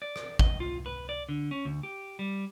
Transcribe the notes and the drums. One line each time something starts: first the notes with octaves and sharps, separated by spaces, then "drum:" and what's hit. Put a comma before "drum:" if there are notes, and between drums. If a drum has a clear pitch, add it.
D5
drum: rim click
D#5, drum: kick G#1
F4
B4
D5
D3
C#4
D2
G4
G3